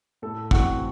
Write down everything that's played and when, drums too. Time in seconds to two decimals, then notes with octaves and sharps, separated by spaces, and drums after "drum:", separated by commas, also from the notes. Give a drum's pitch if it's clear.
0.22 A2 A4
0.51 E3 A3 C4 F#4 F#5, drum: kick